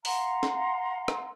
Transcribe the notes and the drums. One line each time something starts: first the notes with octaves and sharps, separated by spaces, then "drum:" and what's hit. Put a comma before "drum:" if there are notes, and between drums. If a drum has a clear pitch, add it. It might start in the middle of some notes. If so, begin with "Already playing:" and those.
F5 F#5 A#5 C6, drum: open hi-hat
drum: snare
drum: rim click